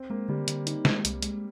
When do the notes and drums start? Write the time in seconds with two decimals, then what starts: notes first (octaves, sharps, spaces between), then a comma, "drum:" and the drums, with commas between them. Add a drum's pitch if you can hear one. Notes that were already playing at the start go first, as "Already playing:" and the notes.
Already playing: C4
0.10 G#3 A#3
0.29 D3 G3
0.48 D3, drum: hi-hat
0.67 D#4, drum: hi-hat
0.85 G#3, drum: snare
1.05 C2, drum: hi-hat
1.23 G#3, drum: hi-hat